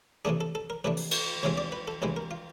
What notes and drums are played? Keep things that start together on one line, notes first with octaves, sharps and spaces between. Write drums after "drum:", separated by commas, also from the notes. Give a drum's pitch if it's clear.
C3 E3 A3 D4 G#4
A4
A4
A#4
C3 E3 A3 D4 B4
drum: open hi-hat
drum: cymbal
D2 C3 E3 G#3 C4 C#5
D5
B4
A4
D2 C3 E3 G#3 C4 B4
A#4
F4